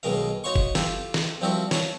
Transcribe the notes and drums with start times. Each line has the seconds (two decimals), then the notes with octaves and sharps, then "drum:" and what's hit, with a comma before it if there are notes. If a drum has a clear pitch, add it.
0.03 B1 B2 D#3 G#3 A#4 F5
0.44 D#4 F#4 C#5 F5 C6 C#6
0.56 drum: kick F#1
0.75 F4 G4 A4 F5, drum: snare
1.14 drum: snare
1.41 F3 G3 C4 E4 F#4 A#4
1.71 C#5 F5 A5 A#5, drum: snare